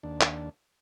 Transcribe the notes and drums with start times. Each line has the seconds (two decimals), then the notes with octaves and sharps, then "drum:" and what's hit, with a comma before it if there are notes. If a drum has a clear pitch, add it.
0.03 D#2 D4
0.21 drum: clap